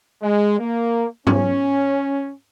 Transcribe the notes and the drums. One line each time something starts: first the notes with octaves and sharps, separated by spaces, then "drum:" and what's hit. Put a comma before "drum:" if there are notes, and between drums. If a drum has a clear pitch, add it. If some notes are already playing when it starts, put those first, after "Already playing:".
G#3
A#3
C#4, drum: tom